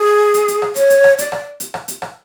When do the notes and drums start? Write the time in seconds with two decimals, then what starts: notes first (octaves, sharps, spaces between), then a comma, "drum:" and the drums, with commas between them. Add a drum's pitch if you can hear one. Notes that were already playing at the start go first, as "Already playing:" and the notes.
Already playing: G#4
0.34 drum: hi-hat
0.48 drum: hi-hat
0.62 drum: rim click
0.76 C#5, drum: hi-hat
0.90 drum: hi-hat
1.04 drum: rim click
1.18 D5, drum: hi-hat
1.32 drum: rim click
1.60 drum: hi-hat
1.74 drum: rim click
1.88 drum: hi-hat
2.02 drum: rim click